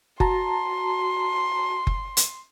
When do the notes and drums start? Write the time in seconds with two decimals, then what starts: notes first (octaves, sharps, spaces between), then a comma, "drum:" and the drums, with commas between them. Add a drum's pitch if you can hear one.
0.20 F#4 A5 A#5 C6, drum: kick F#1
1.87 drum: kick F#1
2.17 drum: hi-hat